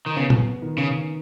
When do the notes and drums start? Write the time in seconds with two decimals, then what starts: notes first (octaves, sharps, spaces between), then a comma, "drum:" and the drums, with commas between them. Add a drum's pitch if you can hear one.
0.06 D#3
0.16 C#3 B3
0.30 drum: tom A#2
0.62 D#3
0.78 C#3